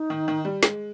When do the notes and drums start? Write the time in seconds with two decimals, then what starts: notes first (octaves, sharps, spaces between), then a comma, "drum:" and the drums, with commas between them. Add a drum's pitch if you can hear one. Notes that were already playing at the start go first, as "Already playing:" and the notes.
Already playing: D#4
0.10 D#3
0.28 D#3
0.45 G3
0.63 G#3, drum: snare